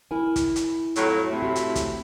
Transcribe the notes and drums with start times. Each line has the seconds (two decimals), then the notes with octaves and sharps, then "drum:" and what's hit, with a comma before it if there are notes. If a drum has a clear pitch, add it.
0.11 E4 A#4 G#5
0.36 drum: kick, hi-hat
0.56 drum: hi-hat
0.96 F2 A2 F#3, drum: hi-hat
1.30 A2 C3 E4
1.42 F#4
1.56 drum: hi-hat
1.75 drum: kick, hi-hat